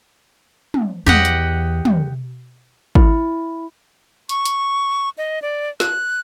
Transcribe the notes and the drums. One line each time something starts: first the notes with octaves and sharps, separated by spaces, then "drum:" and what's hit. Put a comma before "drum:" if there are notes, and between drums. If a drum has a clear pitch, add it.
drum: tom
E2 G4 D#5 F#5, drum: tom
drum: hi-hat
drum: tom
E4, drum: kick G#1
C#6, drum: hi-hat
drum: hi-hat
D#5
D5
F#6, drum: snare